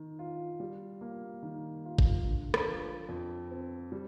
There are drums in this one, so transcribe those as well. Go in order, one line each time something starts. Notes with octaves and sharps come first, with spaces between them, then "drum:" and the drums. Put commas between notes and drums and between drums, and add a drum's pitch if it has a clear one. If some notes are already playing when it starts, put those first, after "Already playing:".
Already playing: D#3
F4
G3
A#3
D#3
F4
drum: kick A1
D3
drum: rim click
F3
F2
C4
G3